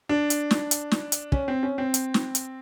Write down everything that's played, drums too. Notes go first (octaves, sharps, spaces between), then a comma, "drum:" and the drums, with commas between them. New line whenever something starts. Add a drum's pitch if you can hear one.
D4
drum: hi-hat
drum: snare
drum: hi-hat
drum: snare
drum: hi-hat
C#4, drum: kick
C4
C#4
C4
drum: hi-hat
drum: snare
drum: hi-hat